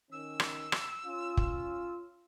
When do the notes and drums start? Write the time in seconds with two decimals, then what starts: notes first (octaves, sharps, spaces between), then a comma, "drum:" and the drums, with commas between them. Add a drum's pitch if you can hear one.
0.11 D#3 C#4 E6
0.40 drum: rim click
0.72 drum: rim click
1.05 C#4 F4
1.37 drum: kick